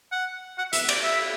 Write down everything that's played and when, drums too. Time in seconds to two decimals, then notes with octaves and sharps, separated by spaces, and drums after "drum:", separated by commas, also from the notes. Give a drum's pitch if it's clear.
0.12 F#5
0.58 F#5
0.73 E5, drum: hi-hat
0.89 D5, drum: cymbal
1.03 E5